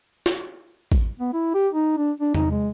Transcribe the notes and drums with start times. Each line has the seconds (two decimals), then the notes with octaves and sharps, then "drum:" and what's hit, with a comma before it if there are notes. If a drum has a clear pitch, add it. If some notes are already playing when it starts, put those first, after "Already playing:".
0.26 drum: snare
0.92 drum: kick A1
1.19 B3
1.33 E4
1.54 G4
1.74 D#4
1.98 D4
2.20 D4
2.34 D#4, drum: tom E2
2.51 G#3